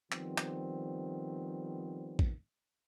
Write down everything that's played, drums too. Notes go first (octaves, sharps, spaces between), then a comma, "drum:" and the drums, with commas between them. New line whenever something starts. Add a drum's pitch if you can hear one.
D#3 F3 G3 B3 C4, drum: clap
drum: clap
drum: kick A#1